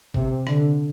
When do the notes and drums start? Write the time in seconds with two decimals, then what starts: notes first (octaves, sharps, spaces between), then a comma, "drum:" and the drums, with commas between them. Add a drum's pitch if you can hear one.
0.14 C3, drum: kick
0.47 D3, drum: rim click